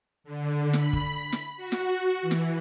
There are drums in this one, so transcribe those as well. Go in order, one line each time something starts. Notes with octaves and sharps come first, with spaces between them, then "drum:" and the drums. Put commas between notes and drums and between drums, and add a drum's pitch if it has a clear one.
D3
B5, drum: snare
drum: kick
drum: snare
F#4
drum: snare
E3
drum: snare